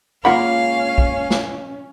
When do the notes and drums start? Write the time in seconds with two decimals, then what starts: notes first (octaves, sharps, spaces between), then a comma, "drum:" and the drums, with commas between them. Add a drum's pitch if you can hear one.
0.25 C#2 A#3 C#4 F4 A#4 F5 F#5 B5
0.98 drum: kick
1.30 drum: snare